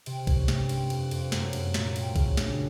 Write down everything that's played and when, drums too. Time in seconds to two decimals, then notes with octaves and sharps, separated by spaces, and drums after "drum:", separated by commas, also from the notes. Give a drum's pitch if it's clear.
0.06 C3, drum: cymbal
0.27 C#4, drum: kick A#1, cymbal
0.48 G2, drum: snare
0.69 C4, drum: cymbal
0.90 F2, drum: cymbal
1.11 F2, drum: cymbal
1.32 F#2, drum: snare
1.53 F#2, drum: cymbal
1.74 A#2, drum: snare
1.96 C4, drum: cymbal
2.16 C#3, drum: kick A#1, cymbal
2.37 D4, drum: snare